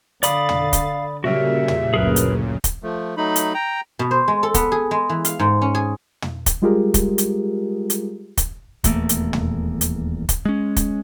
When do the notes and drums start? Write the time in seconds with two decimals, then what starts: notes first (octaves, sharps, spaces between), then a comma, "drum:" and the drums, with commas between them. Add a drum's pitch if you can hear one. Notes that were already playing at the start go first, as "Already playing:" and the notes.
0.23 D3 D5 F5 B5 D#6 A6, drum: hi-hat
0.49 drum: tom
0.73 drum: kick, hi-hat
1.24 A#2 C#3 G3 F#4 A#4 E5
1.68 drum: tom
1.94 F#1 D2 G#4 A#4 B4
2.16 drum: hi-hat
2.64 drum: kick, hi-hat
2.83 F3 A3
3.17 F#3 A3 D#4 B5
3.36 drum: hi-hat
3.54 G5 A#5
3.99 B2
4.11 C5
4.28 G#3
4.43 A4
4.54 B3, drum: kick, hi-hat
4.72 G#4
4.91 G#3
5.09 E3
5.25 F5, drum: hi-hat
5.39 G#2
5.62 C#4
5.75 G#4
6.22 drum: tom
6.46 drum: kick, hi-hat
6.62 G3 G#3 F4 G4 G#4 A#4
6.94 drum: kick, hi-hat
7.18 drum: hi-hat
7.90 drum: hi-hat
8.37 drum: kick, hi-hat
8.84 D#1 E2 A3 A#3, drum: kick, hi-hat
9.09 drum: hi-hat
9.33 drum: tom
9.81 drum: hi-hat
10.29 drum: kick, hi-hat
10.45 G#3 C#4
10.76 drum: kick, hi-hat